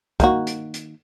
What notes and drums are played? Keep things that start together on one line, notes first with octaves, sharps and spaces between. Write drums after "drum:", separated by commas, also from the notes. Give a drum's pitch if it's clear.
D#3 A#3 F#4, drum: kick, hi-hat
drum: hi-hat
drum: hi-hat